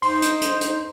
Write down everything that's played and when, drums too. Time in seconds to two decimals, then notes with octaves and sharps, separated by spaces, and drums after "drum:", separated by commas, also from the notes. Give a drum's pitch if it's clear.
0.02 D#4 C5 C6, drum: open hi-hat
0.22 drum: hi-hat
0.41 drum: hi-hat
0.61 drum: hi-hat